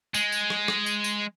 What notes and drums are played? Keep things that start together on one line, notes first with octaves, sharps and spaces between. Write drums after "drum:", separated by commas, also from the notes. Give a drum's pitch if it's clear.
G#3, drum: tambourine
drum: tambourine
drum: rim click
drum: rim click
drum: tambourine
drum: tambourine